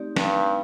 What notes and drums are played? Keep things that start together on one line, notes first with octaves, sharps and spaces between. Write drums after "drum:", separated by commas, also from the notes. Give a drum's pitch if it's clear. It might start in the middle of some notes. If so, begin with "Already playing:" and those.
Already playing: A3 C4 D#4 G4 D5
G2, drum: snare